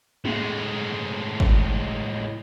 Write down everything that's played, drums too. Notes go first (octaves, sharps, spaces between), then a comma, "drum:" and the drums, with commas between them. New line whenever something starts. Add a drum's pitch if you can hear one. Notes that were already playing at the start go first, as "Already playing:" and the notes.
A2 G#3, drum: tom G#3
drum: kick